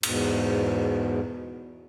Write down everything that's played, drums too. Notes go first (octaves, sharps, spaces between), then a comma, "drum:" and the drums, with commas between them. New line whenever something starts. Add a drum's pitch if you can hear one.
E2 G#2 B2, drum: cymbal